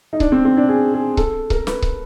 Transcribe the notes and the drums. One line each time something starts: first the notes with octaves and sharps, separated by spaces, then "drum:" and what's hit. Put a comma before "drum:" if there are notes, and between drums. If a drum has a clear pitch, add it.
D#4
D4, drum: kick C#1
C4
C4
D4
G#4
G#4
A4, drum: kick C#1
A#4, drum: kick C#1
B4, drum: snare
drum: kick C#1